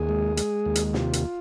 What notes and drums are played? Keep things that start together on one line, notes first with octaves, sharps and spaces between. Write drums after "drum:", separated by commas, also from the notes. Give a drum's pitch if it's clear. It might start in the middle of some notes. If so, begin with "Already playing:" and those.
Already playing: D#2 G#4
G#3
G#3, drum: hi-hat
D#2
drum: hi-hat
C3 F4, drum: snare
drum: hi-hat